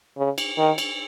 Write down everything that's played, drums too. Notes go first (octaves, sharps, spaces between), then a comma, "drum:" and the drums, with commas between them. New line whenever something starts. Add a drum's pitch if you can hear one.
C#3
drum: cymbal
D#3
drum: cymbal